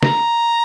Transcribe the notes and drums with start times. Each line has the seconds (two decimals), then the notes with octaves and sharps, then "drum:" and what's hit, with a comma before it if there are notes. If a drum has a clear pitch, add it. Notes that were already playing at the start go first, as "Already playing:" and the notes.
0.03 A#5, drum: snare